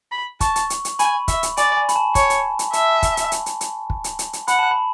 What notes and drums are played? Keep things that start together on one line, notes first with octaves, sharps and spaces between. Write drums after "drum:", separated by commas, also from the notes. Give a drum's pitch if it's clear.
B5
A5 C#6, drum: kick, hi-hat
drum: hi-hat
drum: hi-hat
drum: hi-hat
G#5 B5, drum: hi-hat
E5, drum: kick, hi-hat
drum: hi-hat
D5 G#5, drum: hi-hat
G#5
B5, drum: hi-hat
A5
C#5 A5, drum: kick, hi-hat
drum: hi-hat
drum: hi-hat
E5 A5, drum: hi-hat
drum: kick, hi-hat
drum: hi-hat
drum: hi-hat
drum: hi-hat
drum: hi-hat
drum: kick
drum: hi-hat
drum: hi-hat
drum: hi-hat
F#5 B5, drum: hi-hat
A5
B5